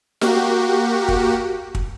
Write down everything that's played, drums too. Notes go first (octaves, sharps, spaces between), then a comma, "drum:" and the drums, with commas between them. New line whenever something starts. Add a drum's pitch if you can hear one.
A#3 F#4 G4, drum: snare
drum: kick
drum: kick